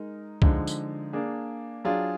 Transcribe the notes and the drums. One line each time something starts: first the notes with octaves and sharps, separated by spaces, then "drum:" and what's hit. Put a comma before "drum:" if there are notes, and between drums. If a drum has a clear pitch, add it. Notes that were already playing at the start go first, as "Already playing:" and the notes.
Already playing: G#3 D#4 A#4
D3 F3 G#3 D#4, drum: kick
drum: tambourine
A#3 D4 G#4
F#3 D4 F4 G#4